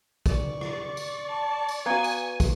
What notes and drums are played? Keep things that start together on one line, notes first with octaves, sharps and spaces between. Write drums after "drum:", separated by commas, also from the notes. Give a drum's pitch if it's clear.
D5 C#6, drum: kick, tambourine
drum: rim click
drum: tambourine
A5
drum: tambourine
B3 F#4 F5 G#5 A#5 G#6
drum: tambourine
drum: kick, tambourine